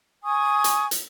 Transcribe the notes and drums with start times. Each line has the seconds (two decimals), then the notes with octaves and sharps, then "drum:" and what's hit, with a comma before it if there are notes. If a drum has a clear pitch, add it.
0.24 G#5 C#6 D#6
0.64 drum: hi-hat
0.91 drum: hi-hat